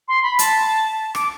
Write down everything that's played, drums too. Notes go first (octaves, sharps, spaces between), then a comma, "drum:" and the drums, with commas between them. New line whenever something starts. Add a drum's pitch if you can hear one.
C6
B5
A5, drum: hi-hat
D6, drum: rim click